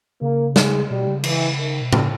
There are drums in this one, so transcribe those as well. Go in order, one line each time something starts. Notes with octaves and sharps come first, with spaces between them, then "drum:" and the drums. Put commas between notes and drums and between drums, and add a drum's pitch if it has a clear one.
C#3 A#3
G#3, drum: snare
B2 G3
C#3
E3, drum: cymbal
D#3
B2
C#3, drum: tom A2